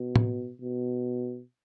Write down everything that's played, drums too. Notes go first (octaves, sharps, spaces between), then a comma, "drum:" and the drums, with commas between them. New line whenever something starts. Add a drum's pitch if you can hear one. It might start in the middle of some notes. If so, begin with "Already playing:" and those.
Already playing: B2
drum: tom A2
B2